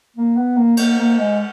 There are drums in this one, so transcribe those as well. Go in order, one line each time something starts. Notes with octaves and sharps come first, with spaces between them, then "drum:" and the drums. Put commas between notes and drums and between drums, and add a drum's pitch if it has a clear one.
A#3
B3
A#3
A#3, drum: cymbal
A#3
G#3